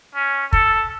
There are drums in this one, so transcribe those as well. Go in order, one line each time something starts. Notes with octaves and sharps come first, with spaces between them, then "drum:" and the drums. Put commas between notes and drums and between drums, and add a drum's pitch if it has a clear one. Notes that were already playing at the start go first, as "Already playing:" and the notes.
C#4
A4, drum: kick